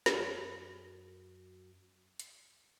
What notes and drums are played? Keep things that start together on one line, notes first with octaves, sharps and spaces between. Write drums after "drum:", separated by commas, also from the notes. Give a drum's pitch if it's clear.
F#2 F#3, drum: snare
drum: hi-hat